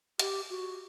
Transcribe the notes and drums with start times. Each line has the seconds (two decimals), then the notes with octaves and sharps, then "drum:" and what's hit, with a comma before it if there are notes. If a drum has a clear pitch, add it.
0.19 G4, drum: hi-hat
0.50 F#4